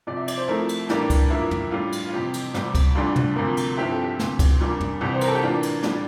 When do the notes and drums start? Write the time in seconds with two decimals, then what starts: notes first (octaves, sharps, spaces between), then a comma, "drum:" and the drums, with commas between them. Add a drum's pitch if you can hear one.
0.07 C2 C3 F3 D5
0.17 E5
0.28 D5, drum: cymbal
0.37 C5
0.48 C2 C3 F3 A3 E4 A#4
0.69 drum: cymbal
0.89 A2 E3 G3 A#3 D4 G4, drum: snare
1.10 drum: kick C#2, cymbal
1.30 G2 F3 A#3 E4
1.51 drum: tom E2
1.71 A2 G3 D4 F4
1.92 drum: cymbal
2.06 F4
2.13 F2 C3 E3 G4
2.34 drum: cymbal
2.54 C2 C3 G3 C4, drum: snare
2.75 drum: kick C#2, cymbal
2.95 D2 D3 G3 D4 F4
3.16 drum: tom C3
3.36 D2 C3 F3 A#3
3.57 drum: cymbal
3.77 G2 F3 C4 E4 G4
3.91 A4
4.04 G4
4.19 D2 C3 E3, drum: snare
4.39 drum: kick C#2, cymbal
4.60 C2 A#2 G3 A#3 D4
4.80 drum: tom E2
5.01 C2 C3 E3 G4
5.14 C5
5.21 A#4, drum: cymbal
5.28 A4
5.35 G4
5.42 A2 E3 A#3 D4 F4
5.63 drum: cymbal
5.83 A2 G3 D4, drum: snare